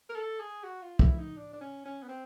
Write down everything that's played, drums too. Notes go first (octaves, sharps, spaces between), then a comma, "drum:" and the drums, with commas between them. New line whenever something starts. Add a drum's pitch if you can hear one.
A#4
A4
G#4
F#4
F4
E4, drum: kick
D#4
D4
D4
C#4
C#4
B3
C4